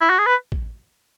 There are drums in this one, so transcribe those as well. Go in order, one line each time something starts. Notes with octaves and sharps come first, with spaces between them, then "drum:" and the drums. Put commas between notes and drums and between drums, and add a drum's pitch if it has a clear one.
E4
F#4
G#4
B4
drum: kick